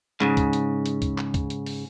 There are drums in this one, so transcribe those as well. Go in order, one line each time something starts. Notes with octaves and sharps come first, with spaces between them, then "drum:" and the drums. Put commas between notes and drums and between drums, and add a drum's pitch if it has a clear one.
G#2 C#3, drum: clap
drum: kick C#2, hi-hat
drum: hi-hat
drum: hi-hat
drum: kick C#2, hi-hat
drum: clap
drum: kick C#2, hi-hat
drum: hi-hat
drum: open hi-hat